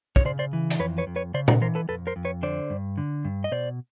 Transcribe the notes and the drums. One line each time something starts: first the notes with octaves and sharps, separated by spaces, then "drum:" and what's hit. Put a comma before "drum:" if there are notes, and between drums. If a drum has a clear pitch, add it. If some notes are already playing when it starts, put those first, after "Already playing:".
C#5, drum: kick
C#3 C5 D5
C5 D5
E3
drum: hi-hat
F2 B4 C#5
B4 C#5
F2
B4 C#5
C#3 C5 D5
C5 D5, drum: tom A#2
E3 A#4 C5
A4 B4
F2 A4 B4
A#4 C5
F2
B4 C#5
D3 C5 D5
G2
D3
G2
D#5
B2 C5 D5